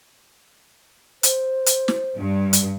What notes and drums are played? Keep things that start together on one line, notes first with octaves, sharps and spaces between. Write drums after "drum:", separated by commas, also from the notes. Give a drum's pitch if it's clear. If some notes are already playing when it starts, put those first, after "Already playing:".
C5, drum: hi-hat
drum: hi-hat
drum: snare
G2
drum: hi-hat